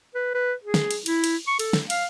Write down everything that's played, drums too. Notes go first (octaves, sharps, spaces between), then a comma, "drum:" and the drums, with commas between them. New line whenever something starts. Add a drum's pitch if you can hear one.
B4
B4
G#4
drum: snare
drum: cymbal
E4, drum: cymbal
drum: cymbal
C#6
A4, drum: cymbal
drum: snare
F5, drum: cymbal